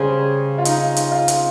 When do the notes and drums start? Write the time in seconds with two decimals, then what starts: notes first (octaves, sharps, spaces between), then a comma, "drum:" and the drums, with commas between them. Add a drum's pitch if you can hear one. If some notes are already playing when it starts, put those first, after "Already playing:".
Already playing: C#3 G3 C#4 G#4 C5
0.58 F4
0.65 D#4, drum: hi-hat
0.96 drum: hi-hat
1.12 F4
1.28 drum: hi-hat